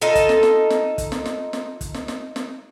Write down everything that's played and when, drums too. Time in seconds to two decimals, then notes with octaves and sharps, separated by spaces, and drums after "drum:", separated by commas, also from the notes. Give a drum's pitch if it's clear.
0.02 D#4 F4 A4
0.15 drum: kick, hi-hat
0.29 drum: snare
0.43 drum: snare
0.70 drum: snare
0.98 drum: kick, hi-hat
1.12 drum: snare
1.26 drum: snare
1.53 drum: snare
1.81 drum: kick, hi-hat
1.94 drum: snare
2.08 drum: snare
2.36 drum: snare